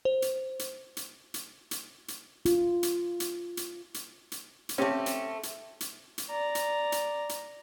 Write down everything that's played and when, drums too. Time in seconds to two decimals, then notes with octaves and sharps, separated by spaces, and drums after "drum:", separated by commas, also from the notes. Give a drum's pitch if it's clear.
0.05 C5
0.22 drum: hi-hat
0.59 drum: hi-hat
0.97 drum: hi-hat
1.34 drum: hi-hat
1.71 drum: hi-hat
2.08 drum: hi-hat
2.45 F4, drum: hi-hat
2.83 drum: hi-hat
3.20 drum: hi-hat
3.57 drum: hi-hat
3.94 drum: hi-hat
4.32 drum: hi-hat
4.69 drum: hi-hat
4.78 A3 C4 C#4 G4
5.06 drum: hi-hat
5.43 drum: hi-hat
5.80 drum: hi-hat
6.18 drum: hi-hat
6.30 D5 A#5
6.55 drum: hi-hat
6.92 drum: hi-hat
7.29 drum: hi-hat